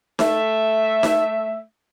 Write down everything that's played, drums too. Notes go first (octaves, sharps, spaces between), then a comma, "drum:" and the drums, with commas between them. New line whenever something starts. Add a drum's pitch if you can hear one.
A3 E5, drum: snare D#4
drum: snare D#4